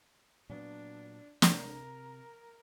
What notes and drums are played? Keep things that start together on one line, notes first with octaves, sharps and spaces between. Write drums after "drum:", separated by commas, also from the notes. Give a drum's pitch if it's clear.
A#2 F#3 B3 D4
C3 A#4, drum: snare